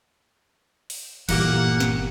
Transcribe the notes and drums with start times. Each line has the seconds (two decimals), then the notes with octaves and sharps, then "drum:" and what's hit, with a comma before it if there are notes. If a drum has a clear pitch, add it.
0.90 drum: open hi-hat
1.29 G1 A#2 E3 A#3 G4 F#5, drum: cymbal
1.80 drum: snare